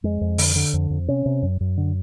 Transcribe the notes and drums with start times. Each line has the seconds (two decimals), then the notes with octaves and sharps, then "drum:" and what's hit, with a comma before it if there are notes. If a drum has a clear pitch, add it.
0.03 F2 G#3
0.21 F2
0.38 D3, drum: open hi-hat
0.56 D3
0.73 F2
0.90 F2
1.08 C3 C#4
1.26 C3
1.43 F#2
1.60 F#2
1.77 D3